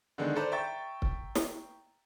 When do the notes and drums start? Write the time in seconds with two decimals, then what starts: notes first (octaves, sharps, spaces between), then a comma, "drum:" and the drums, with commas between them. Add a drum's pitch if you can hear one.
0.18 D3 D#3 G#3 B3 D4
0.35 A4 B4 C5 D5 A#5
0.52 E5 G5 A#5 C#6 A6
1.02 drum: kick C#1
1.35 drum: snare